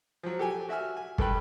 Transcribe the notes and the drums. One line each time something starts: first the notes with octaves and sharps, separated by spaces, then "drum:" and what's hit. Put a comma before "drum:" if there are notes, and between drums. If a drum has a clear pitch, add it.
F3 F#3
G4 A4 G5 G#5
F#4 E5 G#5 F6
G#5
G2 A4 B4 G5 B5, drum: kick